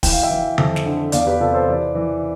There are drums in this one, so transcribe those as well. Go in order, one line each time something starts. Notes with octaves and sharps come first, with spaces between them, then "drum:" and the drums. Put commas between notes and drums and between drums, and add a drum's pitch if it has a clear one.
E3 G5, drum: kick, open hi-hat
F5
E5 G5
E3
F2, drum: tom D3
drum: snare
D3
E2 D5 F5, drum: hi-hat
G4 B4
C3 F4 A4
A4 C5
E3 B4 D5
E3